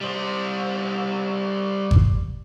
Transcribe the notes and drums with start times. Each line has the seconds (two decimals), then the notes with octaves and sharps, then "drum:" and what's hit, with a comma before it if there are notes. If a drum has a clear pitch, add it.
0.01 G3 C5
1.91 drum: kick G#1